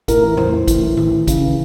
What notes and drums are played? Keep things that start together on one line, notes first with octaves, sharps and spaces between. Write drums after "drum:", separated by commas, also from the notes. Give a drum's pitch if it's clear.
A2 A#4, drum: kick, hi-hat
E3
A2 C5, drum: tom E2
E3
A2, drum: kick, hi-hat
E3
A2, drum: tom D#3
E3
C#3, drum: kick, hi-hat
E3